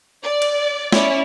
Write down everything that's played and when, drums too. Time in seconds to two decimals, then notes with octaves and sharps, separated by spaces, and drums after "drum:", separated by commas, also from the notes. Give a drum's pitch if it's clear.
0.23 D5
0.42 drum: cymbal
0.92 C#4 E4 C#5 D5, drum: snare